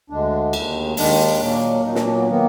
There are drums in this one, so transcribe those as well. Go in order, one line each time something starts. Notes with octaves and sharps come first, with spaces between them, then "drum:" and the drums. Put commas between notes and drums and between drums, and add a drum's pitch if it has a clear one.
D2 D3 G#3 D4
D#2 D#3 G#3, drum: cymbal
D#2 D#3 G#3 D4, drum: open hi-hat
A#2 F#3 A#3
A#2 F#3 A#3 D#4
D4, drum: snare
D4
B3
D#3 A#3 B3